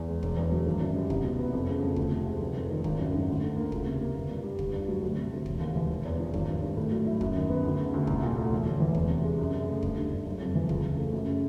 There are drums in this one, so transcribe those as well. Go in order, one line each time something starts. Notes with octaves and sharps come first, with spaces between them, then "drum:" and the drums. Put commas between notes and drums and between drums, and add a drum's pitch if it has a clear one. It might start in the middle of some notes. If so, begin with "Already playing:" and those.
Already playing: E2
G#3
E1, drum: kick
E2
F#3
G#1
F#2
G3
C2, drum: kick
B2
B3
F2
C#3
F2
D2, drum: kick
C3
G#3
F1
F2
D#3
G#1, drum: kick
F#2
G#1
D2
D3
A#3
C#2, drum: kick
C3
A#3
G1
G2
G3
G1, drum: kick
G2
F#3
D2
C3
D2
E1, drum: kick
D#2
E3
E1
E2
F3
G#1, drum: kick
G2
G#1
A2
F#3
E4
F#2, drum: kick
D#3
B3
D2
C#3
D2
C2, drum: kick
A#2
A3
E1
D2
E3
E2, drum: kick
C3
G#3
F#2
C#3
A3
G2, drum: kick
D3
G2
F#1
F2
E3
C#2, drum: kick
C#3
A3
F#2
C#3